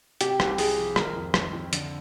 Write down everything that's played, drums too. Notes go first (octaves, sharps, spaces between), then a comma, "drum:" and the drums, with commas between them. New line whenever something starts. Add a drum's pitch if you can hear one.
C3 G4, drum: hi-hat
C2, drum: rim click
G4
C2 G#4, drum: open hi-hat
F3
D#3 A#4, drum: rim click
F2
D#3, drum: rim click
F2
D3, drum: hi-hat